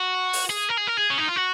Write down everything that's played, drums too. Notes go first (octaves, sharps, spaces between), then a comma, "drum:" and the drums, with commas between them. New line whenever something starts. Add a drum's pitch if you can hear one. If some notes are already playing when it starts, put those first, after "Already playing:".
Already playing: F#4
drum: open hi-hat
G#4
A#4
G#4
A#4
G#4
C#4
D#4
F4
F#4